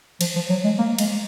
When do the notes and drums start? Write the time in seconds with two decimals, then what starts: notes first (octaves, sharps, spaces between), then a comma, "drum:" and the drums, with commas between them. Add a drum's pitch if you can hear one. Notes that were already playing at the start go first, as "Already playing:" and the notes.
0.21 F3, drum: cymbal
0.36 F3
0.50 F#3
0.64 G#3
0.78 A#3
0.98 G#3, drum: cymbal